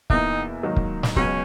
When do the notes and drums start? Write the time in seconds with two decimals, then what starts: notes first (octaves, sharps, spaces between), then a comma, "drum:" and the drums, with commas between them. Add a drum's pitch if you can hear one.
0.10 E2 B2 A#3 D#4 E4, drum: kick
0.63 G#2 D#3 F#3 A#3 D#4
0.76 drum: kick
1.03 drum: snare
1.16 C#2 B2 F#3 C#4, drum: kick